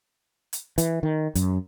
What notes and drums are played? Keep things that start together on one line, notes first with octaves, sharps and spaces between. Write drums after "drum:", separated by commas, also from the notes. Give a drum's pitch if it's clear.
drum: hi-hat
E3, drum: hi-hat
D#3
F#2, drum: hi-hat